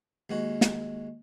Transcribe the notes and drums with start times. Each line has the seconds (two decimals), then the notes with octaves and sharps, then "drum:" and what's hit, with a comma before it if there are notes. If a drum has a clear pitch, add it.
0.30 D#2 G#3 F#4
0.61 drum: snare